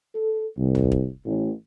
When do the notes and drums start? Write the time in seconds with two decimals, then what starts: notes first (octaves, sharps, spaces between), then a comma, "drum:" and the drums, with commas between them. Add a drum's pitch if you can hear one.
0.15 A4
0.57 C2
0.75 drum: tom
0.92 drum: kick
1.25 A1